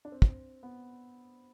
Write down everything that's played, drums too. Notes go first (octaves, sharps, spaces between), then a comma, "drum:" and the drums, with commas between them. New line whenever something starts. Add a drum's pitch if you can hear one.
D4
C4
drum: kick
B3